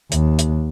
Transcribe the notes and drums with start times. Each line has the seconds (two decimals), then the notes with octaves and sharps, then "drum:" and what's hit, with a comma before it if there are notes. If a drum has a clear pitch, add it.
0.12 D#2, drum: hi-hat
0.39 drum: hi-hat